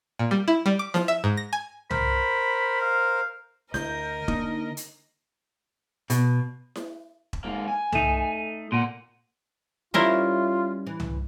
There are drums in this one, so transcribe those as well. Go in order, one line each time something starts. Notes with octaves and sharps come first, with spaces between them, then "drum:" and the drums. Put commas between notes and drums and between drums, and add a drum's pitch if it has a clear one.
A#2
G3
E4
G3
D6
F3, drum: snare E4
E5
G#2
A#6
G#5
A#4 C5 B5, drum: tom
F5
D2 A#4 D#5 G6, drum: snare E4
D3 A#3 D4 D#4, drum: kick E1
drum: hi-hat
B2, drum: hi-hat
drum: snare E4
drum: kick E1
G#2 A#3
G#5
A3 D#4, drum: tom
A#2 F#5 C6
G3 C#4 E4 F4 A#4 C5 E5
E3
drum: tom